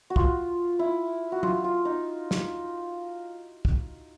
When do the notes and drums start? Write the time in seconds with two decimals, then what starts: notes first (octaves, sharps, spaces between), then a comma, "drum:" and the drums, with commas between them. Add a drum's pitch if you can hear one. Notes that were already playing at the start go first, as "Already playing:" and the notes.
0.10 F#4
0.16 F4, drum: kick
0.79 E4
1.32 F#4
1.43 F4, drum: tom F#3
1.64 F4
1.85 D#4
2.31 drum: snare
3.65 drum: kick